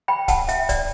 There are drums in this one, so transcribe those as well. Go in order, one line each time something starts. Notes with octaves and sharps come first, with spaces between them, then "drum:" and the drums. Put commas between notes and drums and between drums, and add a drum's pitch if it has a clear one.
G5 B5
F#5 A5, drum: kick, hi-hat
E5 G5, drum: hi-hat
D5, drum: kick, hi-hat